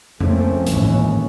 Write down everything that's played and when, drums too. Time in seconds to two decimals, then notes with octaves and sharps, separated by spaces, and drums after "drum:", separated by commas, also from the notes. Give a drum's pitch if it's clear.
0.20 F3 A3 A#3 C4 C#4, drum: tom F2
0.66 G#1 D#2 A2 E3 C#4, drum: hi-hat